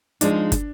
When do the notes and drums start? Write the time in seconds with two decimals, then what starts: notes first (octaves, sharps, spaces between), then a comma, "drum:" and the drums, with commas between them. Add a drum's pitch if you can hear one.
0.21 F3 G#3 D4 D#4, drum: hi-hat
0.52 drum: kick, hi-hat